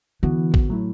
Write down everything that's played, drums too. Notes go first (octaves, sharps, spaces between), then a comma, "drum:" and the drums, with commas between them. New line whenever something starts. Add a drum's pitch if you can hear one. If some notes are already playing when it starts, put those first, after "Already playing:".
D3 E3 B3 F#4
drum: kick A1
A2 F#3 A3 E4